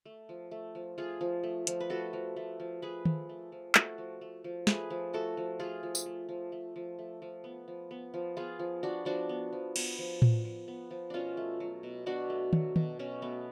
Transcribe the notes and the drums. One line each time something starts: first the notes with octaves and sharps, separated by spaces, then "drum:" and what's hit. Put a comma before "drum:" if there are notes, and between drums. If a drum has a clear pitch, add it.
A3
F3
A3
F3
A3 F4 G#4
F3
A3
F3, drum: hi-hat
B4
A3 F#4 A4
F3
A3
F3
A3 G#4 B4
F3, drum: tom D#3
A3
F3
A3 F#4 A4, drum: clap
F3
A3
F3
A3 G#4 B4, drum: snare
F3
A3 F#4 A4
F3
A3 F4 G#4
F3
drum: tambourine
A3
F3
A3
F3
A3
F3
B3
F3
B3
F3
B3 F4 G#4
F3
B3 D4 F#4
F3 D4 F#4
B3
F3
B3, drum: cymbal
F3
B3, drum: tom A2
F3
B3
F3
B2 C#4 D4 F4
A3
F#3
B2
B2 D4 F#4
A3
F#3, drum: tom D#3
B2, drum: tom D#3
B2 C#4
A3 B3